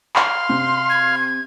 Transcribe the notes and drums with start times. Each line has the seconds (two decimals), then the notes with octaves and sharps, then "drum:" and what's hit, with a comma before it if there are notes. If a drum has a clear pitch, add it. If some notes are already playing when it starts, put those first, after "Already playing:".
0.16 F5 C6, drum: clap
0.49 C3
0.90 G#6